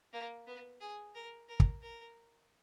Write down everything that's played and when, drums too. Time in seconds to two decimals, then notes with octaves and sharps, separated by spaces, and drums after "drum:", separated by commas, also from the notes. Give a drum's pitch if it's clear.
0.13 A#3
0.47 B3
0.80 G#4
1.15 A#4
1.49 A#4
1.60 drum: kick
1.82 A#4